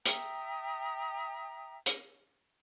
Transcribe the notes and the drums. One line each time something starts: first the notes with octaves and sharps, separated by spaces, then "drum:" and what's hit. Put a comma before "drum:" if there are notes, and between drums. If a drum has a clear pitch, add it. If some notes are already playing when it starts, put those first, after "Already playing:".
E5 G5 A#5 D#6, drum: hi-hat
drum: hi-hat